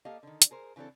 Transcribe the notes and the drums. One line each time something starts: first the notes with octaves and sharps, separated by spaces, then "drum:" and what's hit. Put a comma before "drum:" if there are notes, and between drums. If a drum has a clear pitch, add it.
A#3 G4 A4 D#5 F5
D3 D#3
drum: hi-hat
G#4 A#4 C5
C#3 E3 C4 D4 A4